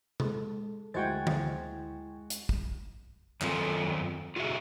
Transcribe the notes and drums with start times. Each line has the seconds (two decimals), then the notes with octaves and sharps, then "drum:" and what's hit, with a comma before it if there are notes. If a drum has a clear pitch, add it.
0.20 G#3 A4, drum: tom C3
0.94 D2 G#3 E4 F#4 C5 G5 G#6 A6
1.27 drum: tom D3
2.30 drum: hi-hat
2.49 drum: kick
3.42 F#2 D#3 C4 F4 A4 G#5, drum: clap
4.36 F4 F#4 G#4 E5